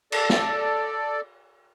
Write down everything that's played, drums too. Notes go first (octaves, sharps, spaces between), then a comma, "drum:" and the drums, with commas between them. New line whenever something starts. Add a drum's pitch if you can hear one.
A4 D5, drum: cymbal
drum: snare